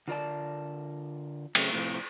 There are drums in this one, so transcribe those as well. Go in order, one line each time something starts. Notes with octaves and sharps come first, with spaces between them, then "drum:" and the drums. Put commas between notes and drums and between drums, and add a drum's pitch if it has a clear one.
D3 F4 A#4 D5 A5
C#3 F#3 A3 C4, drum: cymbal
A2 C3 F3 C4